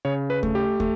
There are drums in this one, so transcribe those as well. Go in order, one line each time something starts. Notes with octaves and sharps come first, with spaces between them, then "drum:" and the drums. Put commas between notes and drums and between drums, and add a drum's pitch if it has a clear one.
C#3 C#5
B4
A3, drum: kick
G4
A3, drum: kick